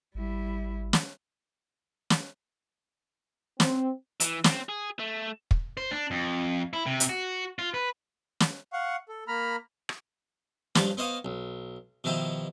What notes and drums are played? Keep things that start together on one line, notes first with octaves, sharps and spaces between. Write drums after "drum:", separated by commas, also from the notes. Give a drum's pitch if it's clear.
G#1 G3 E4
drum: snare
drum: snare
C4, drum: snare
E3, drum: hi-hat
C4, drum: snare
G#4
A3
drum: kick
C5
D4
F2
E4
C3
drum: hi-hat
F#4
F4
B4
drum: snare
F5 F#5 C#6
A4
A#3 A#5 B5 F6
drum: rim click
G2 F3 G3, drum: snare
B3 C5 C#5 D#5 F5
B1
B2 D#3 F3 E4 G4